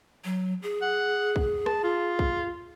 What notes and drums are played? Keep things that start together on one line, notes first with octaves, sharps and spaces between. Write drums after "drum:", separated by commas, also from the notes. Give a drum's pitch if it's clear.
F#3
G#4
F#5
drum: kick
A5, drum: rim click
F4
drum: kick